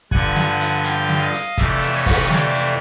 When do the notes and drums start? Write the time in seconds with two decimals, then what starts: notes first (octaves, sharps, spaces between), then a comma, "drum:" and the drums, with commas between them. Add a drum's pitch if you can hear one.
0.11 G2 D3 F3 F#5 G#5, drum: kick
0.36 drum: snare
0.60 drum: hi-hat
0.84 F5 G5, drum: hi-hat
1.09 drum: snare
1.21 D#5 F5
1.33 drum: hi-hat
1.58 F2 C3 E3 A3 D5 E5, drum: kick, hi-hat
1.82 drum: hi-hat
1.94 C#5 D#5
2.06 drum: kick, open hi-hat
2.30 C5 D5, drum: snare
2.55 drum: hi-hat